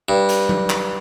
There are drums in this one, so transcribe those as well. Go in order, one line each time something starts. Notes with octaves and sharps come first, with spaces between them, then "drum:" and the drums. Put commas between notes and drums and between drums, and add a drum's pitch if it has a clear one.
G2
drum: hi-hat
drum: tom F#3
drum: clap